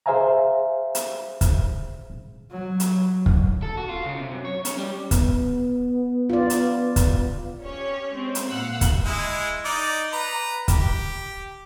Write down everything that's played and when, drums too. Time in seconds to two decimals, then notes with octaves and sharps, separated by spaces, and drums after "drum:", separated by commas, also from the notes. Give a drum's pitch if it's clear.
0.06 G#4 C5 E5 F5 G#5 A#5
0.95 drum: hi-hat
1.41 drum: kick, hi-hat
2.51 F#3
2.80 drum: hi-hat
3.26 drum: kick
3.62 A4
3.77 F#4
3.89 F4
4.04 C#3
4.18 C3
4.31 F#2
4.45 C#5
4.65 C#4, drum: hi-hat
4.78 G3
5.11 B3, drum: kick, hi-hat
6.30 F4 D5
6.50 drum: hi-hat
6.96 drum: kick, hi-hat
7.61 C#4 G4 C#5
8.14 G#3 C4
8.35 drum: hi-hat
8.48 A#2 F5 F#5 E6 F#6
8.81 drum: kick, hi-hat
9.05 G#3 E4
9.65 D#4 D5
10.13 B4 A#5
10.68 G4, drum: kick, hi-hat